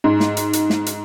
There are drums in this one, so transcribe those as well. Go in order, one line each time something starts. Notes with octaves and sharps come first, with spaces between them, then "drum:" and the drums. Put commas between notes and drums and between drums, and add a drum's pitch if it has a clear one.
G#2
drum: snare
drum: hi-hat
drum: hi-hat
drum: snare
drum: hi-hat